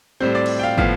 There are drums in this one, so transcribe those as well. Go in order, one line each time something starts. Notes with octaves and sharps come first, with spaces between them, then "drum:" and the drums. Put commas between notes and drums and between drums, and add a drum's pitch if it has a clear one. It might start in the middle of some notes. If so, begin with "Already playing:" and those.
A2 G3 C4 C5
D5
drum: cymbal
G5
F5
A2 F3 B3 F5, drum: kick